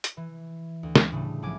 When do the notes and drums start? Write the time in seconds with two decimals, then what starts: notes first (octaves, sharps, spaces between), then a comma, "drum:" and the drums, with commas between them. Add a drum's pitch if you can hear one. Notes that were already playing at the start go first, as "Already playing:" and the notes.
0.04 drum: hi-hat
0.17 E3
0.83 D2
0.95 drum: snare
1.12 A2 C#3 G3 A3
1.42 C2 F3 F#3 G#5 D6